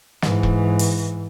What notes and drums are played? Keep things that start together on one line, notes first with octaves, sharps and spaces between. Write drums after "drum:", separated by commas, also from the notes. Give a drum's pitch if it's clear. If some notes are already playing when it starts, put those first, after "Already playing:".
G#2 E3, drum: snare
drum: kick E1
drum: open hi-hat